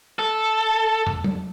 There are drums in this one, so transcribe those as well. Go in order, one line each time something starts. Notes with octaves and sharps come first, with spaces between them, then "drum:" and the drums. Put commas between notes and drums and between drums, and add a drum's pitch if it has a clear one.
A4
drum: tom
drum: tom F#3